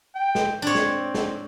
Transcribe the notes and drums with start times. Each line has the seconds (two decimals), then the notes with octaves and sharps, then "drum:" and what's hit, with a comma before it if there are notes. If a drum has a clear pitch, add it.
0.15 G5
0.35 drum: snare
0.62 C4 D4 C#5
0.75 drum: snare
1.14 drum: snare